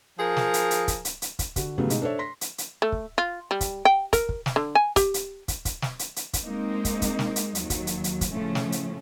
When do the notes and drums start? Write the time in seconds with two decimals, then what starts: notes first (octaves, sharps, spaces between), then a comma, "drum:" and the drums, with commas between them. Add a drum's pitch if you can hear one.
0.18 F3 G#4 A#4
0.37 drum: snare
0.54 drum: hi-hat
0.71 drum: hi-hat
0.88 drum: kick, hi-hat
1.05 drum: hi-hat
1.22 drum: hi-hat
1.39 drum: kick, hi-hat
1.56 D3 F#4, drum: kick, hi-hat
1.78 A2 C#3 F#3 G3 A3 B3
1.90 B2 G#3 D#4, drum: hi-hat
2.02 D4 A4 C5 C#5 E5
2.19 C6 A#6 B6
2.41 drum: hi-hat
2.58 drum: hi-hat
2.82 A3
2.92 drum: kick
3.18 F4
3.51 G3
3.61 drum: kick, hi-hat
3.85 G5
4.13 A#4, drum: kick, hi-hat
4.29 drum: kick
4.46 drum: snare
4.56 D3
4.75 G#5
4.96 G4, drum: kick, hi-hat
5.14 drum: hi-hat
5.48 drum: kick, hi-hat
5.65 drum: kick, hi-hat
5.82 drum: snare
5.99 drum: hi-hat
6.16 drum: hi-hat
6.33 drum: kick, hi-hat
6.43 G#3 A#3 C4 D#4
6.85 drum: kick, hi-hat
7.02 drum: kick, hi-hat
7.19 drum: snare
7.36 drum: hi-hat
7.55 D#2 F#3, drum: hi-hat
7.70 drum: kick, hi-hat
7.87 drum: hi-hat
8.04 drum: hi-hat
8.21 drum: kick, hi-hat
8.32 A2 C#3 F3 A3 C#4
8.55 drum: snare
8.72 drum: hi-hat